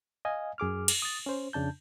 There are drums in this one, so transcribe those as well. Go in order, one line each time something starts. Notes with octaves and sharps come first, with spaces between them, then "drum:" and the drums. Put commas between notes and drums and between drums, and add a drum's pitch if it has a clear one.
D#5 F5 G#5
F#2 G#4 D6 F6
drum: cymbal
D#6 A6
C#4 C5
F2 C#3 D4 A5 G6